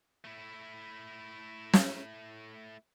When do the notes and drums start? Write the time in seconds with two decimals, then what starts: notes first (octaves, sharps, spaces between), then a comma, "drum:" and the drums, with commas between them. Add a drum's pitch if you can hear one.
0.24 A3 E4
1.73 drum: snare